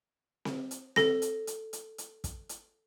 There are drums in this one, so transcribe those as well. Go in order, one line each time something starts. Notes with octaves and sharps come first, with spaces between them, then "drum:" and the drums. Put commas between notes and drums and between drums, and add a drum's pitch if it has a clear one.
drum: snare C4
drum: hi-hat
A4 A#6, drum: snare C4
drum: hi-hat
drum: hi-hat
drum: hi-hat
drum: hi-hat
drum: kick, hi-hat
drum: hi-hat